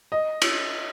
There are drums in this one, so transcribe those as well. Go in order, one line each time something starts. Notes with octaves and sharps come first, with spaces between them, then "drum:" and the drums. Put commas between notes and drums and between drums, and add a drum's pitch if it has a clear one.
D#5
drum: cymbal